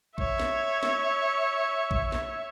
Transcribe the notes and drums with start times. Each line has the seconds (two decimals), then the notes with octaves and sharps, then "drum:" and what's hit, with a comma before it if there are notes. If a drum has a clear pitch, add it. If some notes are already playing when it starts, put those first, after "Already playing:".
0.18 C#5 E5, drum: kick A#1
0.40 drum: snare
0.83 drum: snare
1.91 drum: kick A#1
2.12 drum: snare